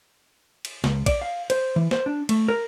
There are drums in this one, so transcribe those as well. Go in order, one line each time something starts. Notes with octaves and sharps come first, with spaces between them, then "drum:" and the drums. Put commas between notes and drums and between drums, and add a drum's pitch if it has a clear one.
drum: cymbal
C#2, drum: snare
D5, drum: kick, cymbal
F5
C5, drum: cymbal
E3
C5, drum: snare
D4
A3, drum: cymbal
A#4